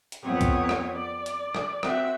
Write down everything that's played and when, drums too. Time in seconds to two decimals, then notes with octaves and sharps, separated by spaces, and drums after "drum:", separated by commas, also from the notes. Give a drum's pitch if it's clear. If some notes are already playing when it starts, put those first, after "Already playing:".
0.12 drum: hi-hat
0.22 F2 B3 C4 C#5 D#6
0.41 drum: kick B1, hi-hat
0.69 drum: rim click
0.94 D5
1.26 drum: hi-hat
1.55 drum: rim click
1.83 C4 F#4 E5, drum: rim click